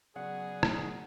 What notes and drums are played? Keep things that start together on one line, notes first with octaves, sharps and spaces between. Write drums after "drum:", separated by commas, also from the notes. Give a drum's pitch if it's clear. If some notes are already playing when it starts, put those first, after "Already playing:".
C#3 F#3 B3 G#4 D5 F#5
drum: rim click